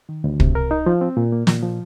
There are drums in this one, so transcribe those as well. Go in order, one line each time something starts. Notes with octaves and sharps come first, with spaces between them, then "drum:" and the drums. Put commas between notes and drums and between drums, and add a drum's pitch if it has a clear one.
D#3
D2
C3, drum: kick
A#4
D#4
F3
C4
A#2
A#3
A#2, drum: snare
F3